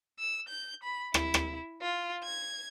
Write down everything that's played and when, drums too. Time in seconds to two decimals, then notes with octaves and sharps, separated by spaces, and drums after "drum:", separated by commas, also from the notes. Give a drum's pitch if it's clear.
0.19 E6
0.48 G6
0.83 B5
1.14 E4, drum: rim click
1.34 drum: rim click
1.82 F4
2.24 G#6